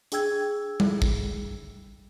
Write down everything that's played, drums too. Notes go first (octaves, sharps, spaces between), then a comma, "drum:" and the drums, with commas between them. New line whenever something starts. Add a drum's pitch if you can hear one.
D4 G#4 G5 E6 G#6, drum: hi-hat
drum: tom G3
drum: kick